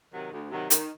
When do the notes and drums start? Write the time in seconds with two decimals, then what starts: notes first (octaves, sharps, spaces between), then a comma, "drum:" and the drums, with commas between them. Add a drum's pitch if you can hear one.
0.13 C3 D#3 F#3
0.32 D2
0.51 C3 D#3 F#3
0.70 D#3, drum: hi-hat